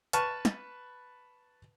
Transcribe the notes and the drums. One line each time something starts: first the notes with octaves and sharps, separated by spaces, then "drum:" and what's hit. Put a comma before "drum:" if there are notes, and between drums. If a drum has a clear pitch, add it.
B4 A5 C#6 F6, drum: hi-hat
drum: snare